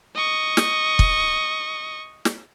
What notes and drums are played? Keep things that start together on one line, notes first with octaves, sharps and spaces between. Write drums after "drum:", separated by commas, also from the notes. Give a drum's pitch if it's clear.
D#5 C#6
drum: snare
drum: kick
drum: snare